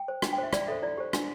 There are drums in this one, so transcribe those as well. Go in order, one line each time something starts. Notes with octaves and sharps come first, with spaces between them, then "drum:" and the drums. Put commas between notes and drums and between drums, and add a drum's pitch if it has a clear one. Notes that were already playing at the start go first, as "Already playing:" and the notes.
Already playing: G5
C5
D4, drum: rim click
G5
C5 E5
E4 D5, drum: rim click
A4 C5 E5
E4 D5
G4 C5
D4, drum: rim click